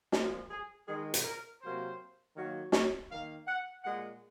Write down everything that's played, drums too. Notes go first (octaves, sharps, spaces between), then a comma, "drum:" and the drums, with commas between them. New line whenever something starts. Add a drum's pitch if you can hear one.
A#2 F3 G#3, drum: snare
G#4
D#3 G#3 G#4
drum: hi-hat
A#4
C3 F#3 A#3 C5
D#3 F#3 A#3
C#5, drum: snare
D#3 A#3 F5
F#5
A#2 G#3 F#5